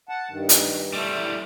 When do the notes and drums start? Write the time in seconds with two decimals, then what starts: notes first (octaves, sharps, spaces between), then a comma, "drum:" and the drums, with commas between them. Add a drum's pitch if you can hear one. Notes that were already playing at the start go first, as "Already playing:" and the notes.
0.09 F#5 A5
0.29 G2 D#3
0.49 drum: hi-hat
0.93 G3 A3 E4